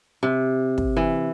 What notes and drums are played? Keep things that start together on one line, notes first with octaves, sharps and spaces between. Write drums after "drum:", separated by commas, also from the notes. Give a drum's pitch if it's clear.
C3
drum: kick
E3